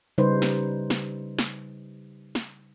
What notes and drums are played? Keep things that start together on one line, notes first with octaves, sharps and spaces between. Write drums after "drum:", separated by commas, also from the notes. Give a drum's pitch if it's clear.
C#3 G3 D#4 B4 C5
drum: snare
drum: snare
drum: snare
drum: snare